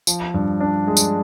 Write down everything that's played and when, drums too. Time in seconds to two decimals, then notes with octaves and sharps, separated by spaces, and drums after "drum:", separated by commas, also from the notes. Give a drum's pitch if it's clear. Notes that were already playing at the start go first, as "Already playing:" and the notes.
0.07 F3, drum: tambourine
0.34 G2
0.60 D4
0.87 G#3
0.97 drum: tambourine